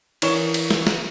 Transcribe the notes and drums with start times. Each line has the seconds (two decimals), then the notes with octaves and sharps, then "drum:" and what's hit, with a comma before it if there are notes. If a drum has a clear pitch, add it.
0.22 E3 A#4 C#5 C#6 E7 G7, drum: cymbal
0.54 drum: cymbal
0.70 drum: snare
0.87 drum: snare